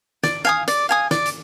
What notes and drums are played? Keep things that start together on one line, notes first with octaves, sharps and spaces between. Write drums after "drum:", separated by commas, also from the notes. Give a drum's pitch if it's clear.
D5, drum: snare
F5 G#5 D#6
D5, drum: hi-hat
F5 G#5 D#6
D5, drum: snare
drum: hi-hat